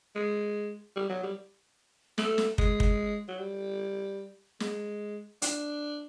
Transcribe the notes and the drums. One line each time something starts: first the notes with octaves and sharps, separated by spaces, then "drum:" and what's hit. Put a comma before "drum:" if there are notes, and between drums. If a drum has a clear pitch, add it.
G#3
G3
F#3
G3
A3, drum: snare
drum: snare
G#3, drum: kick
drum: kick
F#3
G3
G#3, drum: snare
D4, drum: hi-hat